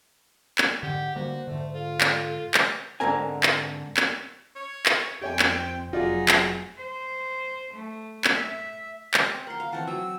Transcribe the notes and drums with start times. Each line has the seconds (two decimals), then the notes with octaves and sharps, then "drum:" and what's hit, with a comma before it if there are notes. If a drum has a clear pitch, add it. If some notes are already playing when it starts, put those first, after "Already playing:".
0.58 drum: clap
0.83 G#2 D3 G4 F#5
1.15 D3 G3 A#3 F#4 C5
1.48 G#2 D3 A3
1.74 F4 A4
2.01 drum: clap
2.54 drum: clap
3.00 G#2 D3 E3 C4 A#4 G#5
3.43 drum: clap
3.97 drum: clap
4.55 C#5
4.86 drum: clap
5.21 F2 C4 G4 C#5 G5 G#5
5.39 drum: clap
5.93 F1 F#3 D#4 F4 F#4 G#4 D5
6.28 drum: clap
6.77 C5
7.74 A3
8.24 drum: clap
8.34 E5
9.14 G4, drum: clap
9.32 C4
9.47 A#4 F#5 C6
9.60 F5
9.72 E3 C4 C#5 F#5 A5
9.87 F#3 G#5 A#5 E6